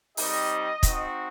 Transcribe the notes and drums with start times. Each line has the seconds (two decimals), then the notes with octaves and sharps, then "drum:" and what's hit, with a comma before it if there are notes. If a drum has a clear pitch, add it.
0.17 G3 C4 D#4 G4 D#5, drum: open hi-hat
0.83 C4 D#4 F#4, drum: kick, hi-hat